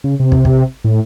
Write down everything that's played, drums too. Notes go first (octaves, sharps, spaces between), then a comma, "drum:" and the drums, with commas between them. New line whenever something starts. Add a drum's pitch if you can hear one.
C#3
C3
drum: kick
drum: kick
A2